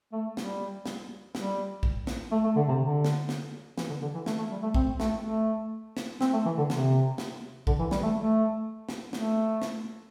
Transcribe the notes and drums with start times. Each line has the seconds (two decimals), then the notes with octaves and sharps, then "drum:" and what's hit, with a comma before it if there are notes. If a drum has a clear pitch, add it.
0.12 A3
0.37 G3, drum: snare
0.86 drum: snare
1.35 G3, drum: snare
1.83 drum: kick
2.07 drum: snare
2.31 A3
2.44 A3
2.56 D3
2.68 C3
2.80 D3
3.05 drum: snare
3.29 drum: snare
3.78 E3, drum: snare
3.89 D3
4.02 D3
4.14 E3
4.26 A3, drum: snare
4.38 A3
4.51 G3
4.63 A3
4.74 C4, drum: kick
5.00 A3, drum: snare
5.24 A3
5.97 drum: snare
6.21 C4, drum: snare
6.33 A3
6.45 E3
6.58 D3
6.70 C3, drum: snare
7.18 drum: snare
7.67 D3, drum: kick
7.79 E3
7.91 G3, drum: snare
8.03 A3
8.16 A3
8.89 drum: snare
9.13 A3, drum: snare
9.62 drum: snare